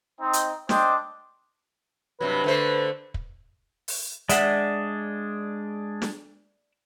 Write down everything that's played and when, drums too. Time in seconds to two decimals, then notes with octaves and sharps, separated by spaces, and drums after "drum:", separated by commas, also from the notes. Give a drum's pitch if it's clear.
0.20 C4 D#4
0.33 drum: hi-hat
0.69 C4 D4 C5 D#5 G5 D6, drum: snare
2.21 G2 C3 F#3 B4
2.44 D3 A3 C5
3.14 drum: kick
3.88 drum: open hi-hat
4.29 G#3 D4 D5 E5 F#5, drum: hi-hat
6.02 drum: snare